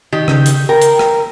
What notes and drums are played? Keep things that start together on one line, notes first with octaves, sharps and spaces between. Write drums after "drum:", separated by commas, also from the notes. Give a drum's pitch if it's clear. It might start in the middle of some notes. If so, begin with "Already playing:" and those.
D#3 G4
C#3 G6, drum: rim click
drum: hi-hat
A#4 G5
drum: hi-hat
drum: rim click